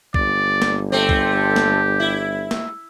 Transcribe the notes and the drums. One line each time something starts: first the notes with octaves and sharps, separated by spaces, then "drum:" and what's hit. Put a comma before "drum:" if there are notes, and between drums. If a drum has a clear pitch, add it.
G1 D5, drum: kick B1
drum: snare
A3 C4 G4
drum: kick B1
drum: snare
E4
drum: snare